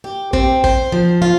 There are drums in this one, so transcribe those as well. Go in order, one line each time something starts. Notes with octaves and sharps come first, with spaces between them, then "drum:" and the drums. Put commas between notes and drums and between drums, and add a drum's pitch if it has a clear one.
G4
C4, drum: kick
C5, drum: kick
F3
F4